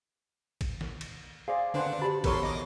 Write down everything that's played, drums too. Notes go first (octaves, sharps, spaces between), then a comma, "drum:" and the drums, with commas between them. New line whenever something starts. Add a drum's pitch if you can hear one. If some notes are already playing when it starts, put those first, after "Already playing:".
drum: kick, cymbal
drum: snare
drum: cymbal
G#4 C5 D5 F5
D3 D4 B4 C5 F#5
F#4 G4 A5 B5
E3 B3 A4 A#4 C#5 C6, drum: kick, cymbal
D#5 D6 A#6, drum: snare